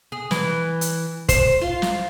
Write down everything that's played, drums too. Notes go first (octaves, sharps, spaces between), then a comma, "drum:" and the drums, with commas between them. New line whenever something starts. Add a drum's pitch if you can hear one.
G#4
E3, drum: snare
drum: hi-hat
C5, drum: kick, hi-hat
F4
drum: snare